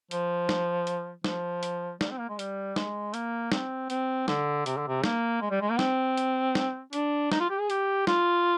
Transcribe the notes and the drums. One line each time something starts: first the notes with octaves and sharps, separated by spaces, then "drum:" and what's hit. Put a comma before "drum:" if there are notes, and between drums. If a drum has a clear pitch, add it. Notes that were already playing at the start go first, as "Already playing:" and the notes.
F3, drum: hi-hat
drum: snare
drum: hi-hat
F3, drum: snare
drum: hi-hat
G3, drum: snare
C4
A#3
G#3
G3, drum: hi-hat
G#3, drum: snare
A#3, drum: hi-hat
C4, drum: snare
C4, drum: hi-hat
D3, drum: snare
C3, drum: hi-hat
D3
C3
A#3, drum: snare
G#3
G3
G#3
A#3
C4, drum: snare
drum: hi-hat
drum: snare
D4, drum: hi-hat
D#4, drum: snare
F4
G4
G#4
G4, drum: hi-hat
F4, drum: snare